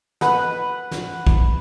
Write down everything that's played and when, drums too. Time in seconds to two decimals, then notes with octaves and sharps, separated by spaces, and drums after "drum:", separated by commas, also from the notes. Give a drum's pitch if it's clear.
0.21 B4 F#5, drum: snare
0.91 drum: snare
1.27 drum: kick